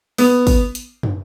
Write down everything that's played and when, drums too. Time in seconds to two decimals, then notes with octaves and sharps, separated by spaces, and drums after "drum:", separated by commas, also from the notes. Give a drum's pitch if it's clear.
0.18 B3, drum: open hi-hat
0.47 drum: kick, open hi-hat
0.75 drum: hi-hat
1.03 drum: tom